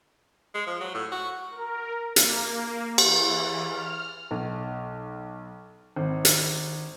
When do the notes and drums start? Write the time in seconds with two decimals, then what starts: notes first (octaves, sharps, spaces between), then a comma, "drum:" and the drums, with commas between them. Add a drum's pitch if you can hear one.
0.54 G#3
0.66 F3
0.80 F#3
0.94 A2
1.11 F#4
1.51 A#4
2.16 A#3, drum: hi-hat
2.98 E3, drum: cymbal
3.70 F6
4.31 B1
5.96 G#1
6.25 drum: hi-hat